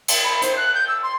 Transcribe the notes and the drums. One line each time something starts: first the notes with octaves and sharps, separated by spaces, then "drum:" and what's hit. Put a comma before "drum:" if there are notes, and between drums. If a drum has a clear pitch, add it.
drum: cymbal
B5
C5, drum: hi-hat
F#6
G6
E6
C6